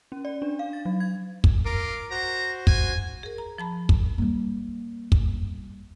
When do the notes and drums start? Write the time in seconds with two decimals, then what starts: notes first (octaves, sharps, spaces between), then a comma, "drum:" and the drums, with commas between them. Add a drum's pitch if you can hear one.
0.12 C#4
0.25 D5
0.42 D4
0.59 F5
0.73 A6
0.85 F#3
1.00 G#6
1.44 drum: kick
1.65 F4 A#4 D6
2.11 F#4 C5 A#5
2.67 G#5, drum: kick
3.23 G#4 A#4
3.38 A#5
3.58 F3 A5 B5
3.89 drum: kick
4.18 G3 A#3
5.12 drum: kick